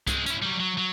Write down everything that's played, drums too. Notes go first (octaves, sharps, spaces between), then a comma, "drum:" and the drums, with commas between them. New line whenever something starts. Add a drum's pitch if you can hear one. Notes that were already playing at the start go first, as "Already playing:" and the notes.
G#3 C4, drum: kick C2, hi-hat
C#4 E4, drum: hi-hat
F#3 G3
F#3
F#3